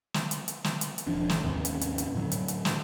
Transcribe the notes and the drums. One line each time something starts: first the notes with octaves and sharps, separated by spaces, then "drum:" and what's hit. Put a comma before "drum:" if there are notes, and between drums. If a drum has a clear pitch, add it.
drum: snare
drum: hi-hat
drum: hi-hat
drum: snare
drum: hi-hat
drum: hi-hat
E1 B1 F3 D4
A1, drum: snare
D#2 G#2 C3 C#4
drum: hi-hat
drum: hi-hat
drum: hi-hat
A2 D3 F#3
drum: hi-hat
drum: hi-hat
drum: snare